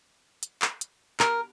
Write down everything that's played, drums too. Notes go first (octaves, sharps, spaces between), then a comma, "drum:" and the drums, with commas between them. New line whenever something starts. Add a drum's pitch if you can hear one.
drum: hi-hat
drum: clap
drum: hi-hat
A#4, drum: clap